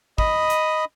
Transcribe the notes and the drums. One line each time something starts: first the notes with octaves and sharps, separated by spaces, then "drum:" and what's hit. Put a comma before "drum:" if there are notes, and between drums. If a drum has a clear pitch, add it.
D#5 B5 D#6, drum: kick
drum: hi-hat